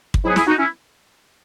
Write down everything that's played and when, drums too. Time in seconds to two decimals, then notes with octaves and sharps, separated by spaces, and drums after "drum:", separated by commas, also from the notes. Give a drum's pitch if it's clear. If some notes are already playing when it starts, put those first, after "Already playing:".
0.14 drum: kick
0.24 G#2 F#3 B3 E4 G#4
0.36 E4 G#4, drum: snare
0.47 D#4 F#4
0.58 C#4 E4